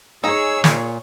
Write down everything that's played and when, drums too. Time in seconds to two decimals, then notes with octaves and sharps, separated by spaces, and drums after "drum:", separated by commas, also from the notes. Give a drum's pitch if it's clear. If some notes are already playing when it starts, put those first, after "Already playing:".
0.24 D#4 G#4 C#5 A#5 E6
0.64 A#2, drum: snare